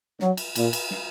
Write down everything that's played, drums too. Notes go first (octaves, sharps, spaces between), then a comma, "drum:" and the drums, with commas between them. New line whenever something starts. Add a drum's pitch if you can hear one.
F#3, drum: snare
drum: cymbal
A#2, drum: cymbal
drum: cymbal
drum: snare